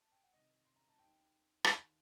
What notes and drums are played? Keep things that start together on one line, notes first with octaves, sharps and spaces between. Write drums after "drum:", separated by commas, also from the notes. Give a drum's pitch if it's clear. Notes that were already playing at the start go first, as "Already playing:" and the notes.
A5
G5
F#5
C2 C3 D#3 D#5
C6
A#5
A5
D#2 D#3 G5
D#2 D#3, drum: rim click